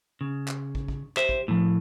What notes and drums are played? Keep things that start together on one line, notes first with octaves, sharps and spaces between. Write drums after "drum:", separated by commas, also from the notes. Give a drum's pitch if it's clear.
C#3
drum: clap
drum: kick
drum: kick
G4 C5 E5, drum: clap
drum: kick
A2 F3